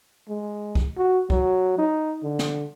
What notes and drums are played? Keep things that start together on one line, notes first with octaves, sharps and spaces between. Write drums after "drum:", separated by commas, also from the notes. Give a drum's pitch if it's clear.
G#3
drum: kick C2
F#4
F#3, drum: kick C2
D#4
D3
drum: snare